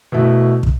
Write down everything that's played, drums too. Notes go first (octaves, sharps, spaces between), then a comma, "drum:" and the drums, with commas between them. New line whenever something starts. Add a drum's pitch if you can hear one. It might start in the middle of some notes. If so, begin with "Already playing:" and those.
B2 A3 E4
drum: kick